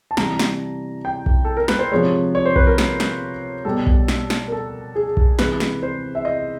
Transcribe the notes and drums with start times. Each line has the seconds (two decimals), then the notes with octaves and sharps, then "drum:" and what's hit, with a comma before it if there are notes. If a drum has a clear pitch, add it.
0.11 A5
0.17 C3 E3 G3 A#5, drum: snare
0.39 drum: snare
1.05 G5
1.26 drum: kick B1
1.45 A4
1.57 A#4
1.68 B4, drum: snare
1.79 C5
1.91 C3 F3 G#3 C#5
2.35 C#5
2.45 C5
2.56 B4, drum: kick B1
2.67 A#4
2.78 drum: snare
3.00 drum: snare
3.65 B2 G3 A4
3.87 drum: kick B1
4.08 drum: snare
4.30 drum: snare
4.48 A#4
4.52 A4
4.96 G#4
5.17 drum: kick B1
5.39 C3 E3 G#3 B4, drum: snare
5.60 drum: snare
5.83 C5
6.15 E5
6.25 D#5